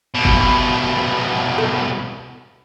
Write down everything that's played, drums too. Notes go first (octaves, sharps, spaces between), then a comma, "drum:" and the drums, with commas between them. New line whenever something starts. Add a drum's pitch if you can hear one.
C2 B2
drum: kick
drum: rim click